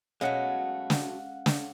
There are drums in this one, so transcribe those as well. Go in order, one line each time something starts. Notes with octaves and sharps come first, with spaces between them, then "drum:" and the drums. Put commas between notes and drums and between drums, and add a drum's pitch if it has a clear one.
B2 F#3 G#3 A3 C#4 F5 F#5
drum: snare
drum: snare